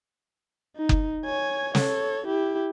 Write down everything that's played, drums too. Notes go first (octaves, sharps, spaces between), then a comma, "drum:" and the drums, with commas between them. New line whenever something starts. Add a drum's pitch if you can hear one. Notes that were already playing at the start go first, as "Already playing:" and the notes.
D#4
drum: kick F#1
C#5 G#5
A4 C#5, drum: snare
E4 G4